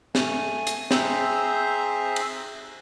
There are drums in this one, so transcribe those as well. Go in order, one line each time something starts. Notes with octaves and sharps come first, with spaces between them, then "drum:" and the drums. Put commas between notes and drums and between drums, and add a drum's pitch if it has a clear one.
A3 G#5, drum: snare
drum: hi-hat
C4 G#4 C5 E5 A#5, drum: snare
drum: cymbal